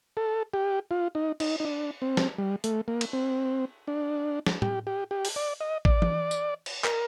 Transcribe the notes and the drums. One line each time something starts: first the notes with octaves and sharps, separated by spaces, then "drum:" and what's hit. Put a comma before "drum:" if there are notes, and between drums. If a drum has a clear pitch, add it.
A4
G4
F4
D#4
D#4, drum: cymbal
D#4
D4
C4
drum: snare
G3
A3, drum: hi-hat
A#3
drum: cymbal
C4
D4
drum: snare
G4, drum: tom A2
G4
G4
drum: open hi-hat
D5
D#5
D5, drum: kick
drum: tom E3
drum: tambourine
drum: cymbal
A#4, drum: clap